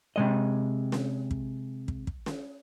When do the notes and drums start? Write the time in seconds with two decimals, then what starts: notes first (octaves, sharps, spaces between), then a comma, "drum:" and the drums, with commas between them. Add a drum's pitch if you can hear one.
0.16 C3 G#3 D#5
0.92 drum: snare
1.31 drum: kick
1.88 drum: kick
2.07 drum: kick
2.26 drum: snare